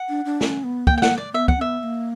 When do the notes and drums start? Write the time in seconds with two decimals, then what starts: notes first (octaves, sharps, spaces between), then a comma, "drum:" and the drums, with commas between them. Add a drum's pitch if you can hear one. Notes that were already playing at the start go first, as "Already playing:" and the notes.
Already playing: F#5
0.09 D4
0.25 D4
0.41 C#4, drum: snare
0.64 B3
0.87 B3 G5, drum: kick
0.91 A#3
0.98 G5
1.02 F#5, drum: snare
1.18 D5
1.34 B3 E5
1.48 F#5, drum: kick
1.58 C#4
1.61 B3 E5
1.80 B3
1.83 A#3